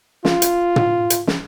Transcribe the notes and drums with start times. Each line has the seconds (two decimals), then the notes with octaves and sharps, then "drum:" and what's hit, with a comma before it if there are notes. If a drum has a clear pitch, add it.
0.25 F4, drum: snare
0.42 drum: hi-hat
0.76 drum: tom
1.10 drum: hi-hat
1.27 drum: snare